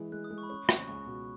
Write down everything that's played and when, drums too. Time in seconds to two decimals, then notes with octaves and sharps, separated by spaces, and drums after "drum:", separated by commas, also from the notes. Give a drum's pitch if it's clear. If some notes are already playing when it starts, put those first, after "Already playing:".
Already playing: E3 G#3
0.12 G#3 F#6
0.24 D#6
0.30 G#3
0.38 C#6
0.43 B5
0.50 C#4 C#6
0.69 C#4, drum: rim click
0.88 C#2 C#6
1.06 B2